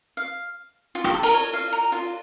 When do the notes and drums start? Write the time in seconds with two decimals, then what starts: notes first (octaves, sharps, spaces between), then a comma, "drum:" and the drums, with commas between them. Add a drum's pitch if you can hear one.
0.17 F5
0.95 F4
1.04 G4, drum: rim click
1.14 A4
1.23 A#4, drum: cymbal
1.34 C#5
1.54 F5
1.72 A#4
1.92 F4